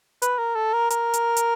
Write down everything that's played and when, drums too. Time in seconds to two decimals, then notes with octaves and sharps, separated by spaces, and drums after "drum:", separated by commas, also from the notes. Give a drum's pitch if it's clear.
0.22 B4, drum: hi-hat
0.38 A#4
0.55 A4
0.73 A#4
0.90 A#4, drum: hi-hat
1.14 drum: hi-hat
1.37 drum: hi-hat